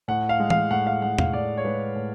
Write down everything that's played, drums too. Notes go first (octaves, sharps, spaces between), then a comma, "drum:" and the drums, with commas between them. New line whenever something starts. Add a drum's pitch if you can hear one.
A2 F#5
F5
G#3
F5, drum: tom E3
A2 F#5
F5
G#3 F#5
F5, drum: tom E2
A2 D5
C#5
G#3 B4
A2